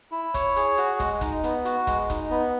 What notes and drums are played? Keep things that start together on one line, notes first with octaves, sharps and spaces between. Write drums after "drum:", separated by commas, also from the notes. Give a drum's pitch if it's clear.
E4
C#5, drum: kick, hi-hat
G#4, drum: hi-hat
F#4, drum: hi-hat
G#3, drum: kick, hi-hat
D#4, drum: kick, hi-hat
B3, drum: hi-hat
F#4, drum: hi-hat
G#3, drum: kick, hi-hat
D#4, drum: kick, hi-hat
B3